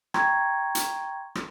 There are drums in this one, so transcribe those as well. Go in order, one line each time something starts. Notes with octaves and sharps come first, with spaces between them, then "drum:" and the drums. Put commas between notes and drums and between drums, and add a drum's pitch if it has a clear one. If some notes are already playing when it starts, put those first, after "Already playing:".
G5 A#5 C6 C#6 G#6, drum: rim click
drum: hi-hat
drum: rim click